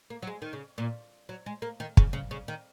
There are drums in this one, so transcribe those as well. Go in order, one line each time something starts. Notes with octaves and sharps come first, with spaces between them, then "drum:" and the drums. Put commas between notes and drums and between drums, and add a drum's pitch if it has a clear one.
A#3
F#3
G#3
D#3
C#3
A#2
F#3
G#3
A#3
D#3
C#3, drum: kick
C#3
C#3
D#3